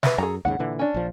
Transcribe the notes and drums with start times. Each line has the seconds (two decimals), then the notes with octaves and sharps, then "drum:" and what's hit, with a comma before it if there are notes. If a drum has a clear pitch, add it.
0.03 B4 E5, drum: snare
0.18 F#2 G#4 A4 A#5
0.45 D#2 G#2 C#3 F#5
0.59 A#2 D3 E3
0.79 C#4 D4
0.94 A#1 F3